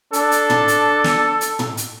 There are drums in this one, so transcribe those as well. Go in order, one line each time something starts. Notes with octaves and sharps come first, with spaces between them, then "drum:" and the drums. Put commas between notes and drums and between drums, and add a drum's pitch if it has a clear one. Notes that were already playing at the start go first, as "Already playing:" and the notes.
D4 A4, drum: hi-hat
drum: hi-hat
drum: tom
drum: hi-hat
drum: snare
drum: hi-hat
drum: tom
drum: hi-hat